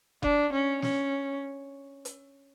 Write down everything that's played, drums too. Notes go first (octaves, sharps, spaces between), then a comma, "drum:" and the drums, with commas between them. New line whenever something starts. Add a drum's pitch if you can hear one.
D4, drum: kick F#1
C#4
C#4, drum: snare
drum: hi-hat